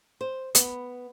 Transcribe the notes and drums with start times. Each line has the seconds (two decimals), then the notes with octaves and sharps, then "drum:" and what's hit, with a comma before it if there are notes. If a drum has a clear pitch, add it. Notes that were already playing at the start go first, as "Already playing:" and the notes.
0.21 C5
0.55 B3, drum: hi-hat